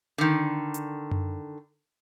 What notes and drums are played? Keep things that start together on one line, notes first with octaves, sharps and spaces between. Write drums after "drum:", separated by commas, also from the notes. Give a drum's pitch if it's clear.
D3 D#3
drum: hi-hat
drum: tom F#2